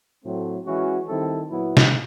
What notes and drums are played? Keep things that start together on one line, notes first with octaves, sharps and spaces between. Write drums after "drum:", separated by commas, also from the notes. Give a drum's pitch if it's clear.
A2 F#3 A3 C4
E3 G#3 C#4 F#4
D#3 G3 C4 E4 A4
A#2 F#3 B3 E4
drum: snare